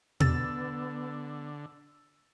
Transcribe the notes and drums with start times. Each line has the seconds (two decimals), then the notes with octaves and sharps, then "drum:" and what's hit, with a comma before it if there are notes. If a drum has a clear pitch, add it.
0.20 D3 B3 E6 A6, drum: tom B2